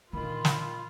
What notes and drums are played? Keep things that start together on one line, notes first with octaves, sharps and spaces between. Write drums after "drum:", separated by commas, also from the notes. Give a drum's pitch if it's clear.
A#2 D3 D#3 E4 F4 B5
drum: snare